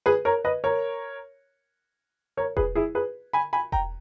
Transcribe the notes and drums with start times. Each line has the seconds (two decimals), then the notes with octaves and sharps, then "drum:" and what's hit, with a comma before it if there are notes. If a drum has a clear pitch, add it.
0.06 G#4 B4
0.25 A#4 C#5
0.45 B4 D#5
0.64 A#4 C#5
2.37 A#4 C#5
2.57 G#4 B4, drum: kick E1
2.75 E4 G#4
2.95 G#4 B4
3.33 G#5 B5
3.53 G#5 B5
3.72 G5 A#5, drum: kick E1